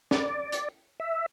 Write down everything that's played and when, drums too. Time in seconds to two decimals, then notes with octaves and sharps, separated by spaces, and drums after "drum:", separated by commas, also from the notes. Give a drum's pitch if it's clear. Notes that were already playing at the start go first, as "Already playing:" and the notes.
0.11 D5, drum: snare
0.52 drum: hi-hat
1.00 E5